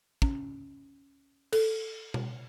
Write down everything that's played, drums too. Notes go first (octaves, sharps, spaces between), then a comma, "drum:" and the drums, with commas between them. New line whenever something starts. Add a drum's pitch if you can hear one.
C#4, drum: kick
A4, drum: cymbal
drum: tom B2